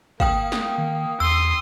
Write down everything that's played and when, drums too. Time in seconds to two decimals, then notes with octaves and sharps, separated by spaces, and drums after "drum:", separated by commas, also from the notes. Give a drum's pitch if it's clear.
0.20 A#3 F5 G5 D#6, drum: kick
0.52 drum: snare
0.78 D#3
1.20 E2 C6 D#6 E6